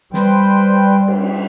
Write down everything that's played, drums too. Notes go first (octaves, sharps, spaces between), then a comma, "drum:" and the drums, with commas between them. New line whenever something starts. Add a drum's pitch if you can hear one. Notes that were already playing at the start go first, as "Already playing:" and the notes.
G3 B4 C5 G5, drum: snare
drum: cymbal